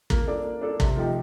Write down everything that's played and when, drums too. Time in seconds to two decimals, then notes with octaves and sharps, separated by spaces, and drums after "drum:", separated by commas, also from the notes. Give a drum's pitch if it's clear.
0.10 A#3, drum: kick
0.27 D4 A4 D5
0.44 A#3
0.61 D4 A4 D5
0.80 C3, drum: kick
0.96 F3 A3 D#4 G4